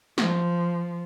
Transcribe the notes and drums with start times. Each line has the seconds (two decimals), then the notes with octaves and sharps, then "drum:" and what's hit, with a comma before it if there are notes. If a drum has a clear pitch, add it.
0.18 F3, drum: snare